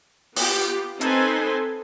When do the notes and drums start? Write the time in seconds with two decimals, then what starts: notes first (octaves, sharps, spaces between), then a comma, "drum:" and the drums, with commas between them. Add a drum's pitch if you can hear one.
0.36 B3 F4 G4, drum: open hi-hat
1.01 C4 D#4 A4 B4 G#5 C6, drum: hi-hat